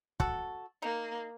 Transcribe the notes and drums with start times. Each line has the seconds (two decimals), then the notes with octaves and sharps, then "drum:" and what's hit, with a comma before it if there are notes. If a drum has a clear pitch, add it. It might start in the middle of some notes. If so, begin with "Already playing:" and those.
0.20 F#4 A4, drum: kick
0.82 A#3 D#4